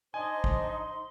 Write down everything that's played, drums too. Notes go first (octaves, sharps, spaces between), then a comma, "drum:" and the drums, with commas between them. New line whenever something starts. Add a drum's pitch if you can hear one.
D4 D#4 C5 D#5 G#5 C6
drum: kick